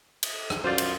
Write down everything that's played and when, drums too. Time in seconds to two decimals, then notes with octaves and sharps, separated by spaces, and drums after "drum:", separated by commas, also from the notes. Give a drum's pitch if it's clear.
0.23 drum: cymbal
0.50 drum: rim click
0.64 F#2 F4 C5 D5
0.78 drum: cymbal